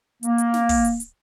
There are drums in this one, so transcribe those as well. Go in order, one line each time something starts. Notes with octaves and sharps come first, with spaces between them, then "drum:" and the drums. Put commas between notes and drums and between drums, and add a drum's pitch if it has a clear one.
A#3, drum: hi-hat
drum: hi-hat
drum: snare
drum: kick, open hi-hat
drum: hi-hat
drum: hi-hat